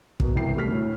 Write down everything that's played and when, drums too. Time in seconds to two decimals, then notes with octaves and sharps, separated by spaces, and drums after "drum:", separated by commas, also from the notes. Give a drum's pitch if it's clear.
0.20 B2 A#3, drum: kick
0.35 E1 C2 E4 G5 C7
0.56 G3 A3 F6 B6
0.68 D2 A2